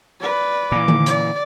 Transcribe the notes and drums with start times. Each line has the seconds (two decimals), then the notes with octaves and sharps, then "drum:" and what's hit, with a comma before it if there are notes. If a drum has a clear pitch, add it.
0.20 B4 D5
0.72 A#2 E3 D6
0.88 drum: tom D3
1.06 D5, drum: hi-hat